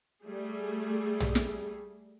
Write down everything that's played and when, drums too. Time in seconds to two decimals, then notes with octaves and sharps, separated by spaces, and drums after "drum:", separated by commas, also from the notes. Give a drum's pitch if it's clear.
0.24 G3 A3 G#4
1.20 drum: tom
1.35 drum: snare